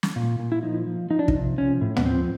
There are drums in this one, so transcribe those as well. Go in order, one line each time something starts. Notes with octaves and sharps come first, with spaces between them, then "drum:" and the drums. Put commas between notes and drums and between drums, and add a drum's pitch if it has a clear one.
drum: snare
A#2
A#2
E4
F3 D#4
F3
F3 D#4
D4
D#4, drum: kick
C3
F3 C#4
A2
B3, drum: tom
F3 C4